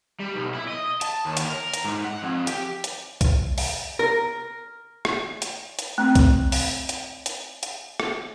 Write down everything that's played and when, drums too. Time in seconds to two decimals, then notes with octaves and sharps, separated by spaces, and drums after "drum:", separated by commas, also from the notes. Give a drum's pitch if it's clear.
0.20 G3
0.34 B1
0.54 E4
0.69 D#5
1.01 A5, drum: hi-hat
1.25 D#2
1.37 drum: hi-hat
1.46 A#4
1.74 drum: hi-hat
1.84 G#2
2.05 F#5
2.23 F2
2.47 G4, drum: hi-hat
2.84 drum: hi-hat
3.21 drum: kick B1, hi-hat
3.58 drum: open hi-hat
3.99 A#4
5.05 drum: rim click
5.42 drum: hi-hat
5.79 drum: hi-hat
5.98 A3 C4
6.15 drum: kick B1, hi-hat
6.52 drum: open hi-hat
6.89 drum: hi-hat
7.26 drum: hi-hat
7.63 drum: hi-hat
8.00 drum: rim click